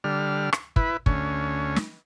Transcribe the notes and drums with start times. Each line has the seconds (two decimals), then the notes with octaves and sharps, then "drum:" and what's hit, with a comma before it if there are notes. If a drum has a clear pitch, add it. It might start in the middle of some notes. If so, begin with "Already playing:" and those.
0.04 D3 G3 F6
0.53 drum: rim click
0.76 E4 B4, drum: kick
1.06 D2 C#4, drum: kick
1.76 drum: snare